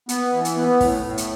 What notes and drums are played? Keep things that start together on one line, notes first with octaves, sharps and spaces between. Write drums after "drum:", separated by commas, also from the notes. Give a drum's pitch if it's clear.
B3, drum: hi-hat
E3
drum: hi-hat
B3
A2, drum: kick, open hi-hat
A2
drum: hi-hat